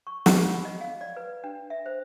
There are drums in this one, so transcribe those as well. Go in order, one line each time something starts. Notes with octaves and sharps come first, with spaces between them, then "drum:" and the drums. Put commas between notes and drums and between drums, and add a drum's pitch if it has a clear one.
C#6
F#5, drum: snare
F4
D#5
F5
D5
B4
D4
E5
C5